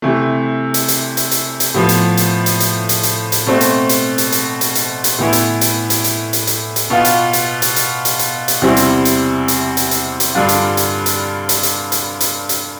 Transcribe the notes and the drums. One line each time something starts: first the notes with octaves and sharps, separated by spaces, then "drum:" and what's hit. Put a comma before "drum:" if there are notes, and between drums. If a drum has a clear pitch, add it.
C3 E3 A3
drum: hi-hat
drum: hi-hat
drum: hi-hat
drum: hi-hat
drum: hi-hat
A2 F3 B3
drum: hi-hat
drum: hi-hat
drum: hi-hat
drum: hi-hat
drum: hi-hat
drum: hi-hat
drum: hi-hat
B2 A3 C4
drum: hi-hat
drum: hi-hat
drum: hi-hat
drum: hi-hat
drum: hi-hat
drum: hi-hat
drum: hi-hat
A2 E3 B3 E4
drum: hi-hat
drum: hi-hat
drum: hi-hat
drum: hi-hat
drum: hi-hat
drum: hi-hat
drum: hi-hat
B2 B3 F4
drum: hi-hat
drum: hi-hat
drum: hi-hat
drum: hi-hat
drum: hi-hat
drum: hi-hat
drum: hi-hat
E2 C3 G3 C4 E4
drum: hi-hat
drum: hi-hat
drum: hi-hat
drum: hi-hat
drum: hi-hat
drum: hi-hat
G2 D3 G3 D4 F4
drum: hi-hat
drum: hi-hat
drum: hi-hat
drum: hi-hat
drum: hi-hat
drum: hi-hat
drum: hi-hat
drum: hi-hat